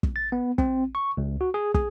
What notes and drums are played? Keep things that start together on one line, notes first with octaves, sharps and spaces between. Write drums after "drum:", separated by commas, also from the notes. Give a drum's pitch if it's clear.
drum: kick
A6
B3
C4, drum: kick
C#6
C#2
F#4
G#4
G#4, drum: kick